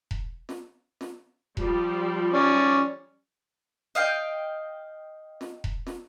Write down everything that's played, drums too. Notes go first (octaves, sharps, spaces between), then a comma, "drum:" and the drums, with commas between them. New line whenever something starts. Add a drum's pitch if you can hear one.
drum: kick E1
drum: snare
drum: snare
F3 G3, drum: kick E1
C#4 D5
D#5 F5 G5
drum: snare
drum: kick E1
drum: snare